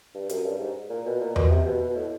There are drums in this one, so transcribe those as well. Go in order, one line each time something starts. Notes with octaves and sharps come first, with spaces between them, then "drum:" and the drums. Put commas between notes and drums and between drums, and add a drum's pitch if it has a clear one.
G2
F#2, drum: hi-hat
G2
G#2
A#2
B2
A#2
B2, drum: tom E2
C3
B2
B2
A2